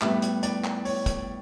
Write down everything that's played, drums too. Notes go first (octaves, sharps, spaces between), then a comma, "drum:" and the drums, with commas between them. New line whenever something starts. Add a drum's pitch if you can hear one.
A2 G3 B3 E5, drum: clap
drum: hi-hat
D5, drum: hi-hat
drum: clap
C#5, drum: open hi-hat
drum: kick, hi-hat